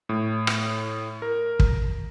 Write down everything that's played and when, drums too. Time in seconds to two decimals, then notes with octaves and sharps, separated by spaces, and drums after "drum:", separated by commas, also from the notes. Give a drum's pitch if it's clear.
0.09 A2
0.47 drum: rim click
1.22 A#4
1.60 drum: kick